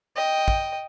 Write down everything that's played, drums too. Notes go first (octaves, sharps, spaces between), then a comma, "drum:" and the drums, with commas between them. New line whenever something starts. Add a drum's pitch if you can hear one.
D#5 G5
drum: kick